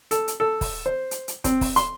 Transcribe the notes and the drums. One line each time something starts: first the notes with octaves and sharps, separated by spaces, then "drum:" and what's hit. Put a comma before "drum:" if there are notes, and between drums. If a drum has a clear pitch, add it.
A4, drum: hi-hat
drum: hi-hat
A4
drum: kick, open hi-hat
C5
drum: hi-hat
drum: hi-hat
C4, drum: kick, hi-hat
drum: kick, open hi-hat
C6, drum: hi-hat